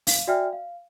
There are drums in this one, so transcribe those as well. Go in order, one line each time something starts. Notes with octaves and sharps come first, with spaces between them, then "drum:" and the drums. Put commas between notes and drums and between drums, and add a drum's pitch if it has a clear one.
F5, drum: open hi-hat
F#4 D5 E5 G5 G#5 F6
F5